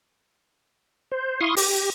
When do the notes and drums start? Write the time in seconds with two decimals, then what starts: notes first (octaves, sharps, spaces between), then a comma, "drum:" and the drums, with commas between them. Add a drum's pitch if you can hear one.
1.12 C5
1.41 E4 F5 C6 C#6 D#6
1.57 G4, drum: open hi-hat